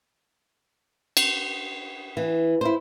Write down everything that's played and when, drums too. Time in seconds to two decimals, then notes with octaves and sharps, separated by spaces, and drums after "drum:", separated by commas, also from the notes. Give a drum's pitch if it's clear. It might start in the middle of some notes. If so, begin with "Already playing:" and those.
1.17 drum: cymbal
2.17 E3
2.61 E4 C5